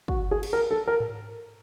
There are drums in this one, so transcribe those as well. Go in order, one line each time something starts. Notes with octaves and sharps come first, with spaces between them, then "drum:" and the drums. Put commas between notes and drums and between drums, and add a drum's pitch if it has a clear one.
F#4, drum: kick
G#4
drum: cymbal
A#4
A4
A#4
drum: tom G#2